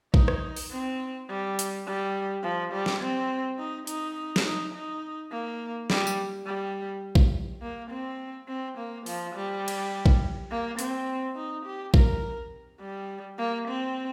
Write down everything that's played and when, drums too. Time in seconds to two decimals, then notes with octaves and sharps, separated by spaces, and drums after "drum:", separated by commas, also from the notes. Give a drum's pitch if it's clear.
0.14 D#4, drum: kick A#1
0.28 drum: rim click
0.56 drum: open hi-hat
0.71 C4
1.29 G3
1.59 drum: hi-hat
1.86 G3
2.43 F3
2.73 G3
2.86 drum: snare
3.01 C4
3.59 D#4
3.87 D#4, drum: hi-hat
4.36 drum: snare
4.46 D#4
4.74 D#4
5.31 A#3
5.90 G3, drum: snare
6.07 drum: tambourine
6.46 G3
7.15 drum: kick A#1
7.62 A#3
7.91 C4
8.48 C4
8.78 A#3
9.06 F3, drum: open hi-hat
9.35 G3
9.68 drum: cymbal
10.06 drum: kick A#1
10.51 A#3
10.79 C4, drum: hi-hat
11.36 D#4
11.66 G4
11.94 A#4, drum: kick A#1
12.81 G3
13.38 A#3
13.68 C4